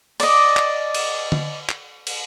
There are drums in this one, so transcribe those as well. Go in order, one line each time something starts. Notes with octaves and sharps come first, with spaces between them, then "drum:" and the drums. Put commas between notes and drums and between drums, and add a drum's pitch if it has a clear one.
D5 D#5, drum: cymbal
drum: clap
drum: cymbal
drum: tom D3
drum: clap
drum: cymbal